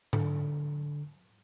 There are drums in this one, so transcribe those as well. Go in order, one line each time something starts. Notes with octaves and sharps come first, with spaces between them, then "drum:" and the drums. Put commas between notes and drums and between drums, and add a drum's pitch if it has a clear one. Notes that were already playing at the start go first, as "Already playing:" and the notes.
D3, drum: tom G#2